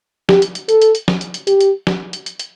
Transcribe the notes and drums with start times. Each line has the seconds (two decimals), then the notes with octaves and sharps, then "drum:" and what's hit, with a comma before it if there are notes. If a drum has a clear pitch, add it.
0.29 G4, drum: snare
0.42 drum: hi-hat
0.55 drum: hi-hat
0.69 A4, drum: hi-hat
0.82 drum: hi-hat
0.95 drum: hi-hat
1.08 drum: snare
1.21 drum: hi-hat
1.34 drum: hi-hat
1.47 G4, drum: hi-hat
1.61 drum: hi-hat
1.87 drum: snare
2.13 drum: hi-hat
2.26 drum: hi-hat
2.39 drum: hi-hat